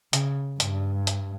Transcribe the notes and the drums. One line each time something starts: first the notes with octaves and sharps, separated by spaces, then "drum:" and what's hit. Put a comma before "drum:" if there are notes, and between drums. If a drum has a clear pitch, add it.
C#3, drum: hi-hat
G2, drum: hi-hat
drum: hi-hat